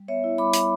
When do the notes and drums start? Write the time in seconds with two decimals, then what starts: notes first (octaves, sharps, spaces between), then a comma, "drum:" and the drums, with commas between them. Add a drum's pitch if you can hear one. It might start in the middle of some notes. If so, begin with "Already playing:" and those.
Already playing: G3
0.08 B3 C#5 E5
0.24 E4
0.38 G3 B5 D6
0.53 G3, drum: hi-hat